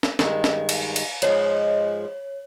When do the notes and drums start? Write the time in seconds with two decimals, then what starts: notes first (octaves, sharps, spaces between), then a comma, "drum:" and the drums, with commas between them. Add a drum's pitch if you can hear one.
0.03 drum: snare
0.19 G2 D#3 G#3, drum: snare
0.44 drum: snare
0.69 drum: cymbal
0.96 drum: cymbal
1.22 G#2 F3 G#3 C#5, drum: hi-hat